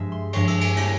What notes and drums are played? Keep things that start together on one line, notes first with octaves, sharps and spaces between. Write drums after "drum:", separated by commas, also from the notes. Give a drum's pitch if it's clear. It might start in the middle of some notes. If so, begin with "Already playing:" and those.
Already playing: G2 F3 G#3 E5
C6
G2 F3 G#3 C#6, drum: cymbal
E6, drum: cymbal
G#5, drum: cymbal
G3 A#3, drum: cymbal